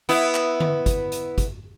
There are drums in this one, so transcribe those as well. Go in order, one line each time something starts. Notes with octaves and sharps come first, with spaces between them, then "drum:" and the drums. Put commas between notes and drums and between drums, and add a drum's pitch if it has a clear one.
B3 E4, drum: hi-hat
drum: clap
drum: tom D3
drum: kick, hi-hat
drum: hi-hat
drum: kick, hi-hat